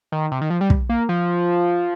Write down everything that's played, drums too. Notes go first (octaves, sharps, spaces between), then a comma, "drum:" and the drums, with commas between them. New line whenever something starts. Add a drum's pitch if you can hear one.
D#3
C3
D#3
F3
G3
drum: kick
A#3
F3